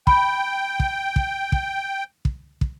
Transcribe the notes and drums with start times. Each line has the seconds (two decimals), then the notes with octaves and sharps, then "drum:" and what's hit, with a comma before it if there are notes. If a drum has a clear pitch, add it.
0.07 G5 B5, drum: kick
0.80 drum: kick
1.16 drum: kick
1.52 drum: kick
2.25 drum: kick
2.61 drum: kick